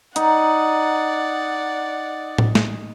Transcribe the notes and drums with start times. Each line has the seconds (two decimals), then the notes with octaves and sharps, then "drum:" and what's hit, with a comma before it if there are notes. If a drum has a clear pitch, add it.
0.16 D#4 D5 F#5, drum: hi-hat
2.38 drum: tom A2
2.55 drum: snare